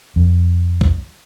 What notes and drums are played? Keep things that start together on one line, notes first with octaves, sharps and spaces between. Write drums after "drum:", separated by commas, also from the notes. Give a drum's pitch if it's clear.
F2
drum: kick C2